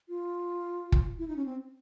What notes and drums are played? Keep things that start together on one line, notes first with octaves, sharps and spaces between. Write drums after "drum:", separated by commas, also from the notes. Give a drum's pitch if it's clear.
F4
drum: kick
E4
D#4
C#4
C4